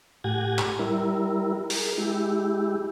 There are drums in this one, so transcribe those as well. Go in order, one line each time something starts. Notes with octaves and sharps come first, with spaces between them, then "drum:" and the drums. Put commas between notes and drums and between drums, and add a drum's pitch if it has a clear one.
A2 G4 F#5 G#5 G#6 A#6
drum: clap
G3 E4 A#4
G#4 A#4, drum: open hi-hat
G#3 E4 G4